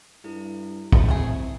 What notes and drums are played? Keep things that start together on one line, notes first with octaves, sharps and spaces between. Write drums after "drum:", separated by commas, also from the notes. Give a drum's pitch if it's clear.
G2 E4 A4
drum: kick
A3 C4 G#4